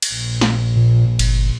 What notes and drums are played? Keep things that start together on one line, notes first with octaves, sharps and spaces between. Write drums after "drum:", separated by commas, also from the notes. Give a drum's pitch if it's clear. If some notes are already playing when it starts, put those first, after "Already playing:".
drum: cymbal
A#1
drum: snare
A#2
G1, drum: cymbal